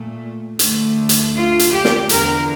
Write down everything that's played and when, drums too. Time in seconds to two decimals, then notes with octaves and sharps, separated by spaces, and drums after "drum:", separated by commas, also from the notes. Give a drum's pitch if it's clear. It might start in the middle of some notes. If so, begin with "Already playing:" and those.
Already playing: A#2 A3
0.59 D2 D3 A3, drum: hi-hat
1.09 drum: hi-hat
1.35 F4
1.59 drum: hi-hat
1.71 G4
1.85 drum: snare
2.09 E2 D3 F3 A#4, drum: hi-hat